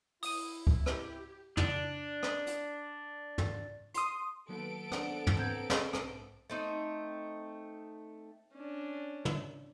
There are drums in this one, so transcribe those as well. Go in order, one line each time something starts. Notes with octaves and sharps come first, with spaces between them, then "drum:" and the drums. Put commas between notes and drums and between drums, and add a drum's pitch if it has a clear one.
E4 D#6 D#7, drum: open hi-hat
drum: kick C#2
G4, drum: rim click
D4, drum: tom
drum: rim click
drum: hi-hat
drum: tom
C6 D#6, drum: hi-hat
D#3 F#3 A#3 B3 A4 D7
D4 C5 D5 F#5, drum: rim click
drum: tom
C4 A#5 G6 G#6
drum: snare
B1 G#2, drum: rim click
A3 C4 D#4
C#4 D4
drum: tom